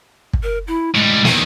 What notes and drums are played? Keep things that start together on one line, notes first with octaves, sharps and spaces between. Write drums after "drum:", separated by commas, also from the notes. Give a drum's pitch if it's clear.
drum: kick
A#4
E4
A2 G3 G#3
E2 D#3, drum: snare